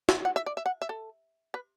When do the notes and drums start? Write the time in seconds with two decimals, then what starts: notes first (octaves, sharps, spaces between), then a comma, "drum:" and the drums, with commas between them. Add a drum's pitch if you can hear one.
0.09 E5, drum: snare
0.25 F#5
0.36 E5
0.46 D5
0.57 E5
0.66 F#5
0.82 E5
0.89 A4
1.54 B4